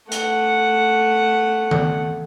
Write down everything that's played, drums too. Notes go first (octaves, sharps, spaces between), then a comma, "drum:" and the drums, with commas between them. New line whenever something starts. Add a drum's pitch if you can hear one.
A3 F#5, drum: hi-hat
drum: tom D#3